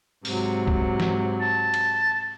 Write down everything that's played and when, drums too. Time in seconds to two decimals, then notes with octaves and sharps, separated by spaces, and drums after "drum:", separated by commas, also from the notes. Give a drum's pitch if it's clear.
0.25 G#2 C3 F#3, drum: open hi-hat
0.67 drum: kick
1.00 drum: snare
1.41 A5
1.74 drum: cymbal